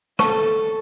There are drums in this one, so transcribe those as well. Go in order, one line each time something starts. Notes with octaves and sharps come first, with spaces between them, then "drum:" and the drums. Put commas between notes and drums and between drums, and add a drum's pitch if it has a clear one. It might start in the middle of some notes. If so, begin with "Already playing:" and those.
A4 A5 C#6, drum: rim click